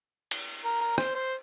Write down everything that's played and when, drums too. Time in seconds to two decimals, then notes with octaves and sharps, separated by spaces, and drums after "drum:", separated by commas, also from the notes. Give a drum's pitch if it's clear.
0.31 drum: cymbal
0.65 A#4
0.81 A#4
0.98 C5, drum: rim click
1.15 C5